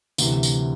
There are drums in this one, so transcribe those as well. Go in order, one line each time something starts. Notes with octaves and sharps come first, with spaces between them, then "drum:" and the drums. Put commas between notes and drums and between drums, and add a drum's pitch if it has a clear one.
D2 C3 E3, drum: tambourine
drum: tambourine